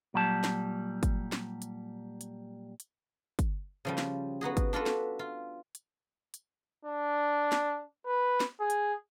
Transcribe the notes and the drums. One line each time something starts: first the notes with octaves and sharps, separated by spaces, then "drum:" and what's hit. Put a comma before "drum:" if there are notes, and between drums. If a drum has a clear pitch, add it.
A#2 F#3 G3 A5
drum: snare
drum: kick, hi-hat
drum: snare
drum: hi-hat
drum: hi-hat
drum: hi-hat
drum: kick, hi-hat
C#3 F3 G3
drum: snare
B3 D#4 F#4 G#4
drum: kick, hi-hat
D4 F4 F#4 A4 B4
drum: snare
F4
drum: hi-hat
drum: hi-hat
D4
drum: snare
B4
drum: snare
G#4
drum: hi-hat